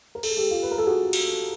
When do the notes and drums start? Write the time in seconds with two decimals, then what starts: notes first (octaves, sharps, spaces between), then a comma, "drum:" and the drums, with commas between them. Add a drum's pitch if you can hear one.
0.15 A#4
0.23 A4, drum: cymbal
0.30 G#4
0.37 G4 A4
0.51 F4 G4
0.62 B4
0.71 A#4
0.78 A4
0.86 F#4 G#4
1.13 drum: cymbal